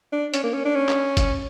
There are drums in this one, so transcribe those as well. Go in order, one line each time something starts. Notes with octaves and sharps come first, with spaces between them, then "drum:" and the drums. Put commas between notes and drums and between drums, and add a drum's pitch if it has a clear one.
D4
C#4, drum: hi-hat
A#3
C#4
D4
C#4
drum: clap
drum: kick G1, hi-hat